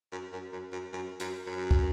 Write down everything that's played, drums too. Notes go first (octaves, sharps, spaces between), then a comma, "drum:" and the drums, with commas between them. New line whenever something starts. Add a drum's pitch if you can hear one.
F#2
F#2
F#2
F#2
F#2
F#2, drum: hi-hat
F#2
drum: kick